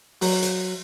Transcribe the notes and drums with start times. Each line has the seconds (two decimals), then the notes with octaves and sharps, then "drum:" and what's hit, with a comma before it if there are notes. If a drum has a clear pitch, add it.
0.22 F#3, drum: open hi-hat
0.43 drum: hi-hat